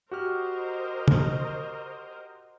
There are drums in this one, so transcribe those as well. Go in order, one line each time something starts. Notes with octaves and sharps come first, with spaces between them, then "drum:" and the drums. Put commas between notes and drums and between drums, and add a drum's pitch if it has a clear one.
F#4 G4 A#4 C5 D#5 F6
drum: tom